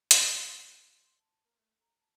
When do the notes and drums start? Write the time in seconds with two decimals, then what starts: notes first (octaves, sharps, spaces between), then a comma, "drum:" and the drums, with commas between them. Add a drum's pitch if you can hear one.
0.11 drum: hi-hat
0.23 D5
0.39 F4
0.81 F4
0.94 C6
1.18 A5
1.43 A#3
1.56 A3
1.79 A#5
1.99 A5